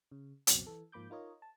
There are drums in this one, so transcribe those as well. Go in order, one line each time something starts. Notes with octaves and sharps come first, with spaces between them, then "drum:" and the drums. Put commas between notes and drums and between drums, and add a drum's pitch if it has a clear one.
C#3
C#2 F#2 B2 F#3 C4, drum: hi-hat
E3 A4
G#2 F3 A#3 B5 D6 G6
D#4 F4 A#4 C#5 D#5
A5